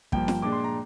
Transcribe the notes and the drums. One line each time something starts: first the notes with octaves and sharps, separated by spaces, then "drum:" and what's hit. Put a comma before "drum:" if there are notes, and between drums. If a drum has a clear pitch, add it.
G2 F3 A#3 G5, drum: kick
drum: snare
A#2 G#3 D4 D6
C6
A#5